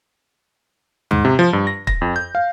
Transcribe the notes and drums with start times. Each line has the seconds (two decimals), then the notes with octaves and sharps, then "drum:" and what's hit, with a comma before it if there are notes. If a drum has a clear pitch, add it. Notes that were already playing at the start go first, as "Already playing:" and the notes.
1.11 G#2, drum: tom
1.25 C3
1.39 F3
1.53 G2
1.67 A#6
1.87 A#6, drum: kick
2.01 F2
2.16 G6
2.35 F5